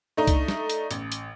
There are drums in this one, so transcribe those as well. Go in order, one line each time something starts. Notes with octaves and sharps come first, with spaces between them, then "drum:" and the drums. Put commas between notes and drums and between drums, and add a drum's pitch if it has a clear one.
A3 D4 D#4
drum: kick C2, hi-hat
drum: snare
drum: hi-hat
A1, drum: hi-hat
drum: hi-hat